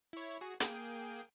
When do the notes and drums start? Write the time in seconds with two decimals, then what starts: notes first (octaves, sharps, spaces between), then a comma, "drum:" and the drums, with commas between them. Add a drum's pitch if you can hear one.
0.13 E4 C#5
0.41 F#4 G#4
0.60 A#3 G#4 G5, drum: hi-hat